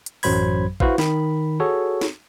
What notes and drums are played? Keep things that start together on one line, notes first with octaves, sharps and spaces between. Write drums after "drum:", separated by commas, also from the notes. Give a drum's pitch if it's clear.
drum: hi-hat
A1 F#2 F#3 C5 B5 G#6, drum: open hi-hat
E4 F#4 B4 C5 F5, drum: kick A1
D#3 B5, drum: snare
F#4 G#4 A4 C#5
drum: snare